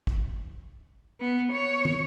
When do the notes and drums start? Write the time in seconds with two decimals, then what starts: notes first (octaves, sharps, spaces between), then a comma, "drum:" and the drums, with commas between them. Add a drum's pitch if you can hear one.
0.07 drum: kick
1.20 B3
1.52 C#5
1.85 drum: tom